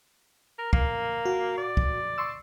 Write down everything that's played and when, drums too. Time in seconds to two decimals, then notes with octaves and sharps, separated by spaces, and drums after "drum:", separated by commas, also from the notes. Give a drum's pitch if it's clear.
0.59 A#4
0.73 A#3, drum: kick
1.25 F#4
1.58 D5
1.77 drum: kick
2.18 C6 C#6 E6